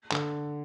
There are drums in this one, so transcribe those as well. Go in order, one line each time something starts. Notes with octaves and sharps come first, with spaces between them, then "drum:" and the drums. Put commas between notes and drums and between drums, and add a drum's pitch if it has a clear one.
D3, drum: clap